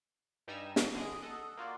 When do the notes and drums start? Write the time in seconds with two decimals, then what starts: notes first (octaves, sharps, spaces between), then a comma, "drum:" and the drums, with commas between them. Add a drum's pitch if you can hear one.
0.48 G2 G3 D#4 G#5 A#5 E6
0.76 drum: snare
0.95 D3 G#4 D#5 D7
1.22 A4 D#5 F#5
1.57 A#3 F4 F#4 D5